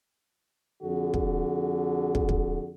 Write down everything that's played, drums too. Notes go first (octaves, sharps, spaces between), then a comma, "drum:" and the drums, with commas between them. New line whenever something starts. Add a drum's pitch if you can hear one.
F2 D3 F#4 G#4
drum: kick
drum: kick
drum: kick